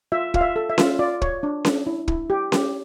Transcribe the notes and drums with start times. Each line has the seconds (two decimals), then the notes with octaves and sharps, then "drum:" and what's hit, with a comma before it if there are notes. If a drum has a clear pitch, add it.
0.12 F4 E5
0.34 F4 F5, drum: kick
0.41 E5
0.56 A4
0.70 E5
0.78 F4, drum: snare C#4
0.99 F4 D5
1.22 C#5, drum: kick
1.43 D4
1.65 D4, drum: snare C#4
1.87 E4
2.08 E4, drum: kick
2.30 G4
2.52 G4, drum: snare C#4